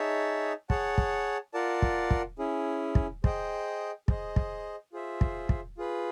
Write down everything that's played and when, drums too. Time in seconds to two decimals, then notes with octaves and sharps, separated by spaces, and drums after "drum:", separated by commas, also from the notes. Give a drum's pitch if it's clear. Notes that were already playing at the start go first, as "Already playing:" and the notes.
Already playing: D#4 G#4 C#5 E5 A5
0.70 G#4 C#5 F#5 A5, drum: kick
0.98 drum: kick
1.54 F4 A#4 D5 F#5 A5
1.82 drum: kick
2.11 drum: kick
2.39 C#4 E4 G#4
2.95 drum: kick
3.24 G#4 C5 D#5 G5, drum: kick
4.08 G#4 C5 D#5, drum: kick
4.36 drum: kick
4.93 F4 G#4 C5 E5
5.21 drum: kick
5.49 drum: kick
5.78 F4 G#4 B4